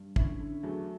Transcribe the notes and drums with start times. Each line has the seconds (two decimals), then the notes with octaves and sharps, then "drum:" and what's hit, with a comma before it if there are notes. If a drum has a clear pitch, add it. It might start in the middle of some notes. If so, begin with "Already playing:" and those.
Already playing: G2
0.16 D3 C#4 E4, drum: kick
0.40 D3
0.63 E2 F#3 A3